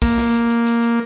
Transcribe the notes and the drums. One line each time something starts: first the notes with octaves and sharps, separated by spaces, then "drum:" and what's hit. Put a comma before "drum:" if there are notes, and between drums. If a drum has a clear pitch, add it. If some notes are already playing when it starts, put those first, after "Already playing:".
A#3, drum: kick, open hi-hat
drum: snare
drum: hi-hat
drum: hi-hat
drum: hi-hat
drum: hi-hat